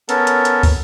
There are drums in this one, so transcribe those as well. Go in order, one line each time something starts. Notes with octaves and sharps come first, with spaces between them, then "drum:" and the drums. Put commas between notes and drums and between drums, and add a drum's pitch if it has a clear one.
B3 C#4 A4 A#4, drum: hi-hat
drum: hi-hat
drum: hi-hat
drum: kick, open hi-hat